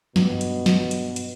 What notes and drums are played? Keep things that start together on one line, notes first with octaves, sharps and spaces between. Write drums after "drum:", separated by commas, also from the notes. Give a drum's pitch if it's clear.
G2 B2, drum: snare
drum: hi-hat
drum: snare
drum: hi-hat
drum: hi-hat